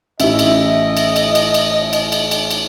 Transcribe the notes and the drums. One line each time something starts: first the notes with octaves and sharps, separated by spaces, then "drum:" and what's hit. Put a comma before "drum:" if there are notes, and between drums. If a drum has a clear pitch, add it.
A1 C#4 E4 D#5 E5, drum: cymbal
drum: cymbal
drum: cymbal
drum: cymbal
drum: cymbal
drum: cymbal
drum: cymbal
drum: cymbal
drum: cymbal
drum: cymbal